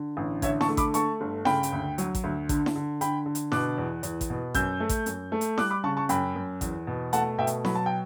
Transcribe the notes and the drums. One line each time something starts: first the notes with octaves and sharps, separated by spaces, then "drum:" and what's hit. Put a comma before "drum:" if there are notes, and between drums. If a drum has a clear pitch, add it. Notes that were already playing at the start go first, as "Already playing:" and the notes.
Already playing: D3
A1
D3 C#5 E5, drum: kick A1, hi-hat
A5 C#6, drum: snare E4
A3
B5 D6, drum: kick A1, hi-hat
A3 A5 C#6, drum: hi-hat
G1
C#3 G5 B5, drum: snare E4
drum: hi-hat
D2
F#3, drum: hi-hat
drum: kick A1, hi-hat
D2
D3, drum: kick A1, hi-hat
drum: snare E4
D3
D3 G5 B5, drum: hi-hat
D3
drum: hi-hat
B2 D6 F#6, drum: snare E4
E2
E2, drum: hi-hat
drum: kick A1, hi-hat
B2
F#2 E6 G6, drum: kick A1, hi-hat
A3
drum: kick A1, hi-hat
F#2, drum: hi-hat
A3
drum: hi-hat
G3 D6 F#6, drum: snare E4
B5 D6
C#3 A5 C#6
A5 C#6
F#2 G5 B5, drum: hi-hat
F#2
E2, drum: kick A1, hi-hat
B2
A3 F#5 A5, drum: hi-hat
B2 E5 G5
drum: hi-hat
F#3 B5, drum: snare E4
A5
G5